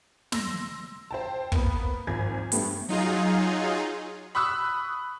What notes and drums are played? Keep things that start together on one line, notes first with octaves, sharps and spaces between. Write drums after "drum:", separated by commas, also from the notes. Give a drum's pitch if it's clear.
C6 E6 A#6, drum: snare
C5 G5 A5
A#3 B3, drum: kick
G#1 F3 G#5 G#6
G2 A3 B3 G4, drum: hi-hat
F#3 D#4 F4 G#4
B5 C#6 D#6 E6 F#6